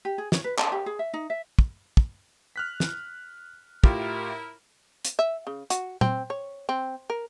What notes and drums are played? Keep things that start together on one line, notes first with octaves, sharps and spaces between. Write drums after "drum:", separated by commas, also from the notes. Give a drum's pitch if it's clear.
G4
G#4
C#5, drum: snare
B4
A5, drum: clap
G4
G#4
E5
D#4
E5
drum: kick
drum: kick
F6 F#6 B6
drum: snare
A2 E4 F4 G4 A#4, drum: kick
drum: hi-hat
E5
C#3
F#4, drum: hi-hat
C4, drum: tom A#2
C#5
C4
A#4